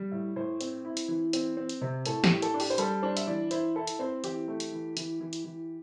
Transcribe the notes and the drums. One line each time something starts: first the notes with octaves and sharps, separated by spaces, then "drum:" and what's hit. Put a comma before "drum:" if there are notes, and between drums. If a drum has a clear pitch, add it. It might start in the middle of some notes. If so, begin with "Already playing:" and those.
Already playing: G3
A2 E5
A2 C5
C4, drum: hi-hat
E4
drum: hi-hat
E3
C4, drum: hi-hat
C4
drum: hi-hat
C3
A2 A4, drum: hi-hat
G4, drum: snare
A2
A4, drum: hi-hat
D4
G4, drum: open hi-hat
C5
G3 A4, drum: hi-hat
D4 C5
E5, drum: hi-hat
E3 D5
E4 C5, drum: hi-hat
E4 A4
drum: hi-hat
C4 C5
E3 G4, drum: hi-hat
A3
drum: hi-hat
E3
E3, drum: hi-hat
E3
drum: hi-hat
E3